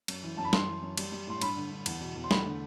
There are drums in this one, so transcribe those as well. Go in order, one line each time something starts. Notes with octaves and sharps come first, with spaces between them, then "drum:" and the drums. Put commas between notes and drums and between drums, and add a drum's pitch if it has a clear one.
F#2, drum: cymbal
E3
F#2 A5
B5
F#2 C6, drum: snare
E3
F#2
G3, drum: cymbal
G3
A2 C6
G2 B5, drum: cymbal
D3
G2
E2, drum: cymbal
B2
E2
C6
A3 B5, drum: snare
D3